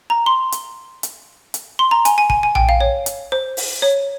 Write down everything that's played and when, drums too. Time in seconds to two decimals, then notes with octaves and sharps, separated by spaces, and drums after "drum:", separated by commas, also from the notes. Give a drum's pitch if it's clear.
0.10 A#5
0.26 C6
0.52 drum: hi-hat
1.03 drum: hi-hat
1.54 drum: hi-hat
1.79 C6
1.91 A#5
2.05 G#5, drum: hi-hat
2.18 G#5
2.30 G#5, drum: kick
2.43 G#5
2.55 G5, drum: tom A#1
2.69 F5
2.81 C#5
3.06 drum: hi-hat
3.32 C5
3.57 drum: open hi-hat
3.82 C#5